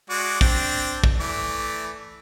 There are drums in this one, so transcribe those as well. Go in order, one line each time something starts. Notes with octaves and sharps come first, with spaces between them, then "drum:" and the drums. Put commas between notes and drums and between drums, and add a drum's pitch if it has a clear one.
G#3 F#4 D5
C4 D4 G5, drum: kick
drum: kick
E3 A3 D5